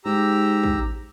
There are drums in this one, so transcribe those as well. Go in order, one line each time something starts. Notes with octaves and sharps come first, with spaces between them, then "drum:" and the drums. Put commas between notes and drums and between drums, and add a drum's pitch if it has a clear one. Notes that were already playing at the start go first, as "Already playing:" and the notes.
G#2 G4 A#5 E6
drum: kick